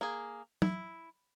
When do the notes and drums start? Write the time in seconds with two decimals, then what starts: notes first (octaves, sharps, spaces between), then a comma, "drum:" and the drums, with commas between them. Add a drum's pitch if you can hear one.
0.01 A#3 G#4
0.62 E4, drum: tom